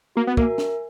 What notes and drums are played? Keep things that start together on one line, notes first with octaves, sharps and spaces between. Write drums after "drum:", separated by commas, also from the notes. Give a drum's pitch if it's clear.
A#3 F#4
B3
A#3 A#4 E5 G#5, drum: kick
drum: snare